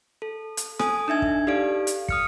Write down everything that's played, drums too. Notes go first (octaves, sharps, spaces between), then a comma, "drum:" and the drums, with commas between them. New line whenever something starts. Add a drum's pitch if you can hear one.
A4
drum: hi-hat
A4 G#5 D#6, drum: rim click
D4 D#4 E5 G#6
drum: kick
D#4 G4 A4 D5 F5 D7
drum: hi-hat
D#6 F6 C#7, drum: kick